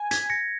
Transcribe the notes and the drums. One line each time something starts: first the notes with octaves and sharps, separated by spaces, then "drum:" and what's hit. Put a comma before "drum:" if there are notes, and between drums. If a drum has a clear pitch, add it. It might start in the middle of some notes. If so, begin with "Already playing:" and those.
Already playing: G#5
G#6 B6, drum: hi-hat
A#6 C#7